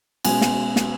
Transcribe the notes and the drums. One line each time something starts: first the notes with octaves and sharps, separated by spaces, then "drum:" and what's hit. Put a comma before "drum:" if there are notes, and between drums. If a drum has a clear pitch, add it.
B2 G#3 C#4 G#5, drum: cymbal
drum: snare
drum: snare